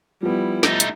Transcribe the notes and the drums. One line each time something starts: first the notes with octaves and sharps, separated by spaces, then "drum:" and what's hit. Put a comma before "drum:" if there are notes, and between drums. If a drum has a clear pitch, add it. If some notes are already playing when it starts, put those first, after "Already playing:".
F3 G3 B3 E4
A3 D#4, drum: snare
drum: hi-hat